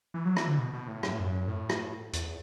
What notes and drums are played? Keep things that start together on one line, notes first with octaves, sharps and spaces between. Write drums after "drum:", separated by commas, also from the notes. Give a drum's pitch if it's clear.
E3
F#3
E3, drum: rim click
D3
B2
B2
A2
F#2, drum: rim click
A2
F#2
A2
drum: rim click
E2, drum: hi-hat